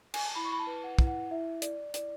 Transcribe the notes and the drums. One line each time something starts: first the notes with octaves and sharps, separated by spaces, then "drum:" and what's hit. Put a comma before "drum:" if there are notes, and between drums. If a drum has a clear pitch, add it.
G#5, drum: cymbal
A5
E4 B5
C#6
B5
A5
B4
F#5
E4, drum: kick
F#5
E4 E5
D5, drum: hi-hat
E4 D5, drum: hi-hat